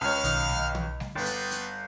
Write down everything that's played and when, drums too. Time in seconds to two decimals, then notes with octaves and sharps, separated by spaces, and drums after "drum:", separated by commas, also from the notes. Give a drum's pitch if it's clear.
0.01 C#2 C#5 F5 F6
0.24 B1 D#3 D#5, drum: hi-hat
0.49 drum: snare G3
0.75 drum: tom
1.00 drum: snare G3
1.15 G1 B3 G5 D6 A6
1.26 drum: hi-hat
1.51 drum: hi-hat